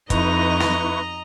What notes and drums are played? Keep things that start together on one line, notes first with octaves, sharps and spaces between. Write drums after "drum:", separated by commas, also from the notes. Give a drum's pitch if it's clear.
F2 D#4 E4 B4 D#5 A#5 C#6, drum: kick, hi-hat
drum: snare